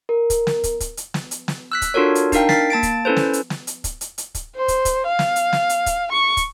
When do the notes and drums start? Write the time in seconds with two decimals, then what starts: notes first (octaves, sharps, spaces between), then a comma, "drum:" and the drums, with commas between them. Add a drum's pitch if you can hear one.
0.09 A#4
0.30 drum: kick, hi-hat
0.47 drum: snare
0.64 drum: kick, hi-hat
0.80 drum: kick, hi-hat
0.97 drum: hi-hat
1.14 drum: snare
1.31 drum: hi-hat
1.48 drum: snare
1.72 E6 F#6 B6
1.82 drum: kick, hi-hat
1.94 D4 F4 F#4 A4 A#4 C#5
2.15 drum: hi-hat
2.32 D4 D#4 A#4 F5 G5, drum: kick, hi-hat
2.49 A6 B6 C7, drum: snare
2.70 A#3 A5 A6 D7
2.83 drum: kick, hi-hat
3.05 C#4 E4 A4 B4 C5
3.17 drum: snare
3.33 drum: hi-hat
3.50 drum: snare
3.67 drum: hi-hat
3.84 drum: kick, hi-hat
4.01 drum: hi-hat
4.18 drum: hi-hat
4.35 drum: kick, hi-hat
4.56 C5
4.68 drum: kick, hi-hat
4.85 drum: kick, hi-hat
5.06 F5
5.19 drum: snare
5.36 drum: hi-hat
5.53 drum: snare
5.69 drum: hi-hat
5.86 drum: kick, hi-hat
6.11 C#6
6.37 drum: kick, hi-hat